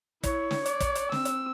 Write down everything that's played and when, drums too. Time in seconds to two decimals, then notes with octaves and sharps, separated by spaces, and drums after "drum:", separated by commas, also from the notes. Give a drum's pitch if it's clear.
0.23 E4 C#5, drum: kick, hi-hat
0.51 drum: snare
0.65 D5, drum: hi-hat
0.80 drum: kick, hi-hat
0.95 drum: hi-hat
1.12 C4 E6, drum: snare
1.25 drum: hi-hat